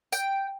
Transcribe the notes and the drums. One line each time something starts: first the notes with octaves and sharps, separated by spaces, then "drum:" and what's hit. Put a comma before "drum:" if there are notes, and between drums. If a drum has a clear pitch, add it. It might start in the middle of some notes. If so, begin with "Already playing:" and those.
G5, drum: tambourine